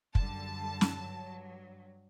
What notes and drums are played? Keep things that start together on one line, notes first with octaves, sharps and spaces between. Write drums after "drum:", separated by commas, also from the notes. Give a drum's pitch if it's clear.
F#2 D3 G3 A5, drum: kick
drum: snare
G2 F#3